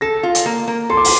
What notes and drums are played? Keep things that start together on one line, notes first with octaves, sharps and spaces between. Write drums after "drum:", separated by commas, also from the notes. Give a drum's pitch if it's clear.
A4 A#6
F4
drum: hi-hat
A#3
A#3
A4 C6
D6
C6, drum: open hi-hat